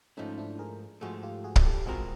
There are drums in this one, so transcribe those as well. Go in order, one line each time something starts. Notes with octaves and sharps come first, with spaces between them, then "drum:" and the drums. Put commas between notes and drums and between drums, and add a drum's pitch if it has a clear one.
G#2 F3 A3 C#4 D#4
D4 E4
G#4 A#4
G#2 F3 A3 F#4 G#4
F#4
F4 G4
F#4 G#4
drum: kick
G4 A4
B2 G#3 C4 F4 F#4 G#4 A#4